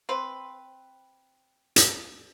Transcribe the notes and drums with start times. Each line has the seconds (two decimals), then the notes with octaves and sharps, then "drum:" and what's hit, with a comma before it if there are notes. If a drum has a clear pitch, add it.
0.09 C4 B4
1.76 drum: hi-hat